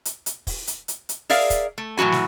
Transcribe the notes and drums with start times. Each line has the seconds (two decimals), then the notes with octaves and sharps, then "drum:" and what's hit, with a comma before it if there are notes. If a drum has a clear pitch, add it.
0.05 drum: hi-hat
0.26 drum: hi-hat
0.47 drum: kick, open hi-hat
0.67 drum: hi-hat
0.88 drum: hi-hat
1.09 drum: hi-hat
1.30 G#4 A#4 D5 E5 F5, drum: open hi-hat
1.50 drum: kick, hi-hat
1.78 A3
1.97 A2 E3 F#3 F#4 G#5
2.12 drum: snare